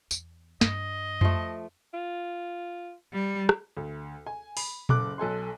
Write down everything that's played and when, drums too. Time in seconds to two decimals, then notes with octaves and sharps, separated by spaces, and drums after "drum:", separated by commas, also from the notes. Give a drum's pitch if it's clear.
0.11 E2, drum: tambourine
0.61 G2 D#5, drum: snare
1.21 F3 A3, drum: tom F2
1.94 F4
3.12 G3
3.49 drum: rim click
3.77 D2
4.26 G#5
4.57 B5, drum: open hi-hat
4.89 F#1 A4 D6 F#6, drum: tom A#2
5.18 B1 A4 G#5 C6